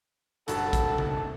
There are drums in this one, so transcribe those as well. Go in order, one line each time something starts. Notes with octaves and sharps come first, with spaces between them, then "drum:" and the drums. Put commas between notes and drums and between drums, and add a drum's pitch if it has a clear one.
F#1 G2 F#3 A4 A5, drum: hi-hat
drum: kick, hi-hat
drum: tom C3